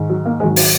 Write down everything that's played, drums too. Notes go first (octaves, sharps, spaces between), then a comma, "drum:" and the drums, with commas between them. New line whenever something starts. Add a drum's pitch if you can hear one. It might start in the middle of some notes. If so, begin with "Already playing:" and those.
Already playing: G#2 D#3
F#3
A#3
G#2 D#3 F#3 G#3
F#4, drum: open hi-hat